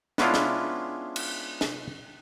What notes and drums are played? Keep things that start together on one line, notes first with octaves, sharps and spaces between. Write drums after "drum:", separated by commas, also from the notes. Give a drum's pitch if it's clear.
G#3 B3 C#4 D4 E4 F4, drum: snare
drum: snare
drum: cymbal
drum: snare